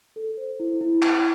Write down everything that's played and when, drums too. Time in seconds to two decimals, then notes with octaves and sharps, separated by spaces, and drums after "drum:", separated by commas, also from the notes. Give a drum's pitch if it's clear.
0.16 A4
0.37 C5
0.60 E4
0.81 E4
1.02 drum: clap